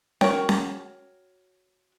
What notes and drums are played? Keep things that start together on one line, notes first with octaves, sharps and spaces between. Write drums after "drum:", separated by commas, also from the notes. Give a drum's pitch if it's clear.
F#4 A#4 C#5 G5, drum: snare C#4
drum: snare C#4